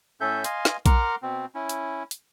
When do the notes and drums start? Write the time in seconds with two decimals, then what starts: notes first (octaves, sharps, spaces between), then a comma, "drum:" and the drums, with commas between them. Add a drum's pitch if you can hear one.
0.21 A2 C#4 A4 E5 G6
0.44 D#5 F5 G#5 C6, drum: hi-hat
0.65 drum: snare
0.86 A#4 F#5 A#5 C6 D6 F6, drum: kick A#1, hi-hat
1.22 B2 C4
1.55 C#4 E4
1.69 drum: hi-hat
2.11 drum: hi-hat